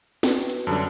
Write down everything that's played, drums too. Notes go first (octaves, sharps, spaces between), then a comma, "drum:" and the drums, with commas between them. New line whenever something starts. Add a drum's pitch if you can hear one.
C#4 F#4 B4, drum: snare
drum: hi-hat
F#2 D3 G3 A5